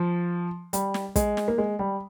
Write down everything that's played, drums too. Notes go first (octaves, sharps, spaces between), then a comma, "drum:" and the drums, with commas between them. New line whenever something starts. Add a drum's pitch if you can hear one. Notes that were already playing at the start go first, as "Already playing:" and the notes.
Already playing: F3
G3, drum: hi-hat
drum: snare
G#3, drum: kick, hi-hat
drum: snare
A#3
G#3
G3